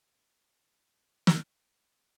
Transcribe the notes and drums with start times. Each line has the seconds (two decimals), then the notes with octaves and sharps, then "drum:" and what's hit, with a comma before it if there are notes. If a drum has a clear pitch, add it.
0.16 F#3 G#3 A3
1.27 drum: snare